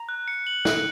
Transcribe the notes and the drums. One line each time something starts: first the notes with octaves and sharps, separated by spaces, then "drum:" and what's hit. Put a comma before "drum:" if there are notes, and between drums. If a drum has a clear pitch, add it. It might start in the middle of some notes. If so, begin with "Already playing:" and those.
Already playing: A#5
F#6
C#7
F#7
F#6, drum: snare